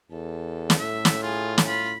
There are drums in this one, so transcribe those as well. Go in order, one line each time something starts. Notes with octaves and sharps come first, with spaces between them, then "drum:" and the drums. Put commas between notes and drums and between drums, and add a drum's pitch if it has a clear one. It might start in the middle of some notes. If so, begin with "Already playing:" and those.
E2 A4
drum: snare
A2 E5
drum: snare
F4 G#4
drum: snare
F4 B5